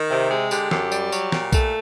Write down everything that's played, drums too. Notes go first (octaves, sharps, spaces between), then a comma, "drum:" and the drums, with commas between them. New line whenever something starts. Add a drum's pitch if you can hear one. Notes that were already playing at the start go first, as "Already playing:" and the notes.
Already playing: D#3
C3
G#3
D3 G4, drum: tambourine
F#2, drum: snare
G3, drum: tambourine
F#3, drum: tambourine
A#2, drum: snare
A3, drum: kick, tambourine